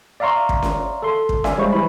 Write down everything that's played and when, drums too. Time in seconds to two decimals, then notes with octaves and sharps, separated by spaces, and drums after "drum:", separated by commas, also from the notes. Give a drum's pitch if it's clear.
0.20 D5 E5 F5 A#5 C6 C#6
0.49 drum: kick
0.62 drum: snare C#4
1.02 A4 C6
1.29 drum: kick
1.44 D5 E5 F5 G#5, drum: snare C#4
1.58 G3 G#3 C5 C#6
1.73 E3 E4 B5